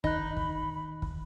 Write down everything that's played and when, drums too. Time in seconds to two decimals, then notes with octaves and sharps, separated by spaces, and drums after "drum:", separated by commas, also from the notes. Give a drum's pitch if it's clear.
0.04 D#3 D#4 B5 F#6, drum: kick
0.37 drum: kick
1.02 drum: kick